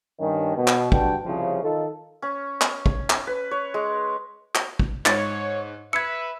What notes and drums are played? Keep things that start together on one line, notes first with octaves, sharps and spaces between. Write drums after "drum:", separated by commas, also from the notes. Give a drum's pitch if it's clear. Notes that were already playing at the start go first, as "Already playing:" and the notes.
G2 D#3 C#4
B2
drum: clap
G2 D3 F#4 B4 G5 A5, drum: kick
C2 C#3 F3
D#3 D#4 F4 A4
C#4
drum: clap
drum: kick
drum: clap
B4
C#5
G#3
drum: clap
drum: kick
G#2 C#5 A6, drum: clap
B4 E5 E6 G#6 C#7